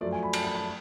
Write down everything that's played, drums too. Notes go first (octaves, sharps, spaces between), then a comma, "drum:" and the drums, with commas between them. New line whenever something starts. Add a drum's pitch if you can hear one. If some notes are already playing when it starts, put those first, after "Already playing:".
F#2 F3 A3 D5
G#5
B5
A5, drum: cymbal
B5
A5